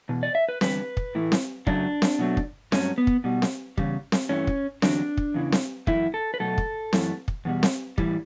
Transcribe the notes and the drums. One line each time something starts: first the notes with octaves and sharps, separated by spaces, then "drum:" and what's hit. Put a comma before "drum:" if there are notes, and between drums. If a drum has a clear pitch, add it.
E2 B2
D5
E5
B4
E2 D3 G3 B4, drum: snare C4
drum: kick
A2 E3 A3
drum: snare C4
F#2 C#3 F#3 A3 D4, drum: kick
drum: snare C4
B2 F#3 A3
drum: kick
G2 F#3 A3 C#4, drum: snare C4
B3
drum: kick
B2 G3
drum: snare C4
E2 C#3 G3, drum: kick
drum: snare C4
G2 E3 A3 C#4
drum: kick
E2 D3 F#3 D4, drum: snare C4
drum: kick
E2 C#3 E3
drum: snare C4
F#2 E3 A3 E4, drum: kick
A4
B4
B2 F#3 A3 A4
drum: kick
F#2 E3 A3, drum: snare C4
drum: kick
E2 B2 G3
drum: snare C4
A2 E3 G3, drum: kick